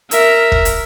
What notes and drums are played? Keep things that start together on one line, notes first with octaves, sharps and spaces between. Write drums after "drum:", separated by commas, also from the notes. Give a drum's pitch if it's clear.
A#4 E5, drum: hi-hat
drum: kick
drum: hi-hat